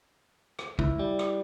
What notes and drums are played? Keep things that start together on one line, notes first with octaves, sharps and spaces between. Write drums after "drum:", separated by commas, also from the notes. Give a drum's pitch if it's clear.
drum: rim click
C#2 E4, drum: kick
G3
drum: rim click